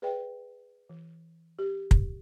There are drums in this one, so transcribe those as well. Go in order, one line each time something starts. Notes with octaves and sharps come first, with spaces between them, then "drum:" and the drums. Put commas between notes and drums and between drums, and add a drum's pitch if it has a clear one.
G#4 B4 D5 E5 G5
E3
G4
drum: kick